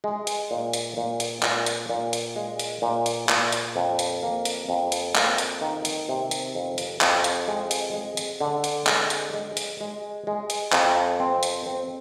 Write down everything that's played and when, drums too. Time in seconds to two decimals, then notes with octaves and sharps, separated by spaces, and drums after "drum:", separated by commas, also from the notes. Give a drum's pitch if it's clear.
0.04 G#3
0.27 drum: hi-hat
0.51 A#2
0.73 drum: hi-hat
0.97 A#2
1.20 drum: hi-hat
1.43 A#2, drum: clap
1.66 drum: hi-hat
1.89 A#2
2.13 drum: hi-hat
2.36 G#3
2.59 drum: hi-hat
2.82 A#2
3.06 drum: hi-hat
3.29 A#2, drum: clap
3.52 drum: hi-hat
3.76 F2
3.99 drum: hi-hat
4.23 A#3
4.45 drum: hi-hat
4.69 F2
4.92 drum: hi-hat
5.15 A#3, drum: clap
5.38 drum: hi-hat
5.61 D#3
5.85 drum: hi-hat
6.09 C3
6.31 drum: hi-hat
6.55 F2
6.78 drum: hi-hat
7.01 F2, drum: clap
7.24 drum: hi-hat
7.48 G#3
7.71 drum: hi-hat
7.93 G#3
8.17 drum: hi-hat
8.41 D3
8.64 drum: hi-hat
8.87 G#3, drum: clap
9.10 drum: hi-hat
9.34 G#3
9.57 drum: hi-hat
9.81 G#3
10.27 G#3
10.50 drum: hi-hat
10.72 F2, drum: clap
11.20 C4
11.43 drum: hi-hat
11.66 C4